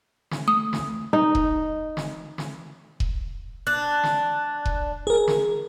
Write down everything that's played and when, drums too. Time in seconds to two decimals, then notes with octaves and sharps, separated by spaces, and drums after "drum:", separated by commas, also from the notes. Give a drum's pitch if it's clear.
0.31 drum: snare
0.48 A3 D#6
0.73 drum: snare
1.13 D#4
1.35 drum: kick E1
1.97 drum: snare
2.38 drum: snare
3.00 drum: kick E1
3.67 D4 F#6
4.03 drum: snare
4.65 drum: kick E1
5.07 G#4 A#4
5.28 drum: snare